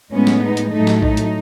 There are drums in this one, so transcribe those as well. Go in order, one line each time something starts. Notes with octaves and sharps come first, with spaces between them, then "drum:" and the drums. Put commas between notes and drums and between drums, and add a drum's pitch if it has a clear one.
A2 G#3 B3 C#4
drum: snare
D#4
drum: hi-hat
A2 F#3 A3 D#4
drum: snare
D#4, drum: kick A#1
drum: hi-hat